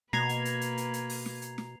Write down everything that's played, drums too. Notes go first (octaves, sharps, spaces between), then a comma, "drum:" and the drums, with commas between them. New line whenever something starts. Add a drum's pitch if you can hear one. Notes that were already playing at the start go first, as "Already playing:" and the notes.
B2 A#3 B4 A#5 G#6 C7 F7, drum: snare
drum: hi-hat
drum: hi-hat
drum: hi-hat
drum: hi-hat
drum: hi-hat
drum: open hi-hat
drum: snare
drum: hi-hat
drum: snare